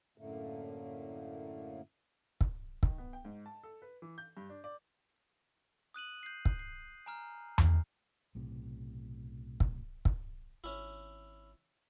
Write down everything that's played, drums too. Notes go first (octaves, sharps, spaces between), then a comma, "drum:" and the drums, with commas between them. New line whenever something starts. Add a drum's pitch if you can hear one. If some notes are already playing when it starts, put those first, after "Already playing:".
F#2 A2 D3 A3 A#3
drum: kick
D#3, drum: kick
B3
G5
G#2
A5
A4
B4
E3
G6
G2
D4
D5
D#6 F#6 D#7 F#7
G6 C7
drum: kick
C7
G#5 A#5 F6
drum: tom E2
B1 A2 C3
drum: kick
drum: kick
G#1 C#4 E4